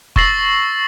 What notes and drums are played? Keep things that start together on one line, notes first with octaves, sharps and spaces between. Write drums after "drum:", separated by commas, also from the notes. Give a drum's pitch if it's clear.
C#6 E6 A6 A#6 C7 F#7, drum: kick F1